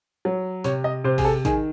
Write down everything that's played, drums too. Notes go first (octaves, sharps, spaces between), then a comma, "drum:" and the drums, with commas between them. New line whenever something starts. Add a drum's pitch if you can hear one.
F#3
C3 C#5, drum: hi-hat
D#5
C3 C5
G#4, drum: kick A1, open hi-hat
A4
D#3 G#4, drum: kick A1, hi-hat